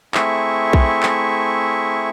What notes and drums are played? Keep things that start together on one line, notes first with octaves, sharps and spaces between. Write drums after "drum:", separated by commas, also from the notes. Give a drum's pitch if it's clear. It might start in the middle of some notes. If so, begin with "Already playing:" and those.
A3 C4 E4 G#4 E5 C#6, drum: clap
drum: kick B1
drum: clap